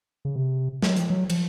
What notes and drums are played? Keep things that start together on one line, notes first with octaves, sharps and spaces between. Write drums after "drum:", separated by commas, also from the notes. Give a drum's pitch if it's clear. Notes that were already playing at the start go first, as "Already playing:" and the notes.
C#3
C3
F#3, drum: snare
F3, drum: hi-hat
F#3
F3, drum: cymbal